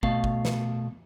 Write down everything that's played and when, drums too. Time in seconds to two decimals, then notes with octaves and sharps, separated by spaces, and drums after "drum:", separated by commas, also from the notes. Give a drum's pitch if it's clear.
0.03 B2 A3 F5, drum: kick
0.24 drum: kick
0.45 drum: snare